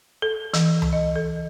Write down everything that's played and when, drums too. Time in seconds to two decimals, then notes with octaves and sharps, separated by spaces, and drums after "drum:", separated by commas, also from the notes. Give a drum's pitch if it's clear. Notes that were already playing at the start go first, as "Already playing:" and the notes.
0.22 A4
0.54 E3, drum: hi-hat
0.82 drum: tom C#2
0.93 D#5
1.16 A4